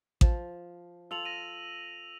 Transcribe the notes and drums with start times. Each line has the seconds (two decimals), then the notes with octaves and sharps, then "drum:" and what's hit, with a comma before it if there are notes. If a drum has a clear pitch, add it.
0.21 F3, drum: kick A1
1.11 F4 A4 E6 F7 F#7
1.25 A#6 D#7